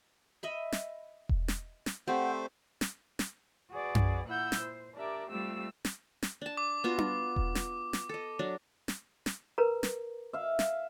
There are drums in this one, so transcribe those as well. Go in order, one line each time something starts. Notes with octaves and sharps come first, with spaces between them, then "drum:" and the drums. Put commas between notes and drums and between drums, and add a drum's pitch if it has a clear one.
D#5 E5 B5
drum: snare
drum: kick E1
drum: snare
drum: snare
A3 C4 G4 C5 D5 F#5
drum: snare
drum: snare
F#4 G#4 B4 D5
drum: tom F#2
A#2 E4 F#5 E6 G6
drum: snare
C5
D4 G4 A#4 D5 E5
G3 A3 C4 F4 G4 E6
drum: snare
drum: snare
D4 A5
D6
B3 F4 F#4
drum: tom D4
drum: kick E1
drum: snare
drum: snare
A4 D#5
F#3 D4
drum: snare
drum: snare
A#4 B4 A#5
drum: snare
E5 F5
drum: snare